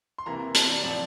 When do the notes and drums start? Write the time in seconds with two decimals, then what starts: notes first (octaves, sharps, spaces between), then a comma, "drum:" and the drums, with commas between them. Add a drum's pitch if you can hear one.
0.18 C6
0.26 C3 E3 A#3 A#5
0.55 A5, drum: hi-hat
0.69 D5
0.83 A2 F3 C4 D5